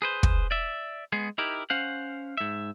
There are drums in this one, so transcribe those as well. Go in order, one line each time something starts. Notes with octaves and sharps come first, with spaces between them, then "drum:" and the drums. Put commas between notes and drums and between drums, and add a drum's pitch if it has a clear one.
G#4 B4 C5
drum: kick
D5 E5
G#3 B3 G#4
D#4 E4 G4 A#4
C#4 C5 F5 F#5
G#2 E5